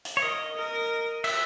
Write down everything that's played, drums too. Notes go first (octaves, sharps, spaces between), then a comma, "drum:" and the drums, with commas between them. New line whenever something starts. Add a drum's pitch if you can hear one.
drum: hi-hat
C#5
A#4 D#5
A#4
E5, drum: cymbal